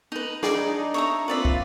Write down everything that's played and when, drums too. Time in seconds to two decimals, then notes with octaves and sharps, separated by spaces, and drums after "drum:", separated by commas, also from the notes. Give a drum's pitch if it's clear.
0.12 D#4 B4
0.43 D4 D#4 G#4 D5 B5, drum: snare
0.94 C#5 E5 A#5
1.28 A#3 C4 F4 B4 D5 E5
1.45 drum: kick